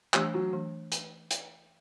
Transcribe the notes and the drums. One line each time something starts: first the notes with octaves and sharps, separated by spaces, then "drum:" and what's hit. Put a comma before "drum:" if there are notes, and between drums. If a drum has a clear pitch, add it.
E3 G3 A3 D4, drum: clap
F#3
E3 A3 D4
drum: hi-hat
drum: hi-hat